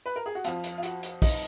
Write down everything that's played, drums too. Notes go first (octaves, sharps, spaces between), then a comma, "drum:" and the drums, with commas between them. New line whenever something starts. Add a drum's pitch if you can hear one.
B4
A#4
G#4
F#4
F2 F3 F4, drum: hi-hat
drum: hi-hat
F4
F#4, drum: hi-hat
drum: hi-hat
D#4, drum: kick, open hi-hat